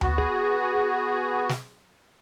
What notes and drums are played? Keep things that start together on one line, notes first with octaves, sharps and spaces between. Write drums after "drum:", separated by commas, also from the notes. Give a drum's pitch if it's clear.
B3 F#4, drum: tom D2
G#4, drum: kick
drum: snare